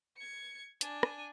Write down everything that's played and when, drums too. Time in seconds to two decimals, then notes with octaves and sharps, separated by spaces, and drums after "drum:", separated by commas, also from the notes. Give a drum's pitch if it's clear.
0.17 G#6 C#7
0.81 D4 G#5, drum: hi-hat
1.03 drum: rim click